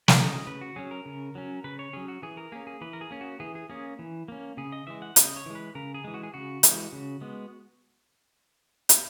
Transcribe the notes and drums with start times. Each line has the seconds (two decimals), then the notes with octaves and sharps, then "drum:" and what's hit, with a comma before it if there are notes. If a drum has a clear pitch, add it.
0.08 B4, drum: snare
0.17 F#3 C#4
0.27 D#5
0.47 C#3 B4
0.61 F#4
0.76 F#3 C#4 G#4
0.91 A#4
1.06 C#3
1.35 F#3 C#4
1.64 C#3 B4
1.79 C#5
1.93 F#3 C#4 G#4
2.08 F#4
2.22 E3 G#4
2.37 A#4
2.52 A#3 C#4 G#4
2.67 G#4
2.81 E3 B4
2.93 A#4
3.01 G#4
3.11 A#3 C#4
3.21 F#4
3.40 E3 G#4
3.55 G#4
3.70 A#3 C#4 G#4
3.99 E3
4.28 A#3 C#4
4.57 C#3 G#4
4.72 D#5
4.87 E3 G#3 E5
5.02 F#5
5.16 C#3 D#5, drum: hi-hat
5.36 C#5
5.46 E3 G#3
5.55 B4
5.75 C#3 A#4
5.94 G#4
6.04 E3 G#3
6.14 F#4
6.23 G#4
6.34 C#3 F#4
6.63 E3 G#3, drum: hi-hat
6.92 C#3
7.21 G#3 B3
8.89 drum: hi-hat